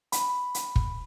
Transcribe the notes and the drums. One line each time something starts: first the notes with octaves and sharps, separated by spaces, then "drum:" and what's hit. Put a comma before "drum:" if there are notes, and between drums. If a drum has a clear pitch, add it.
B5, drum: hi-hat
drum: hi-hat
drum: kick